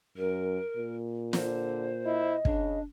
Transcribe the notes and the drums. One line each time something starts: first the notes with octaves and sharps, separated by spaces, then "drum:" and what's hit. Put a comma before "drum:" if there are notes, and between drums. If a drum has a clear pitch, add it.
F#2 A#4
A#2
D3 C5, drum: snare
E4 D#5
C#3 D4, drum: kick